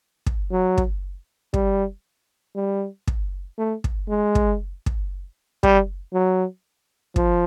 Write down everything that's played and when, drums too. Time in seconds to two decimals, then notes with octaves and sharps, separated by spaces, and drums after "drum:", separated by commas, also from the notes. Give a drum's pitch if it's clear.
0.26 drum: kick
0.52 F#3
0.78 drum: kick
1.54 G3, drum: kick
2.56 G3
3.07 drum: kick
3.59 A3
3.84 drum: kick
4.09 G#3
4.35 drum: kick
4.86 drum: kick
5.63 G3, drum: kick
6.14 F#3
7.16 F3, drum: kick